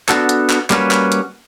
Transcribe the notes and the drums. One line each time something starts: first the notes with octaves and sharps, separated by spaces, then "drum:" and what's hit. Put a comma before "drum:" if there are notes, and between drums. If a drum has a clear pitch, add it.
B3 D4 F#4 A4, drum: clap
drum: hi-hat
drum: clap
G3 A#3 C#4 F#4 B4, drum: clap
drum: clap
drum: hi-hat